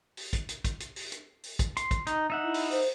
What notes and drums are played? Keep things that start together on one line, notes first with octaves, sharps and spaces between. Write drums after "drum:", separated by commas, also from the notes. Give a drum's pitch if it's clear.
drum: open hi-hat
drum: kick, hi-hat
drum: hi-hat
drum: kick, hi-hat
drum: hi-hat
drum: open hi-hat
drum: hi-hat
drum: open hi-hat
drum: kick, hi-hat
C6, drum: hi-hat
drum: kick, hi-hat
D#4, drum: hi-hat
D#4 E5 F#5
E4
drum: open hi-hat
C5, drum: open hi-hat